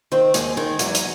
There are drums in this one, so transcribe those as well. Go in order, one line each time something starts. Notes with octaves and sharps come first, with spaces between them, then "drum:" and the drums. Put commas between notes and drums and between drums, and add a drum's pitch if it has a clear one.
D#3 C4 C5
D#2 G#3 G#4, drum: hi-hat
D#3 G#3 G#4
E2 F#3 F#4, drum: hi-hat
drum: hi-hat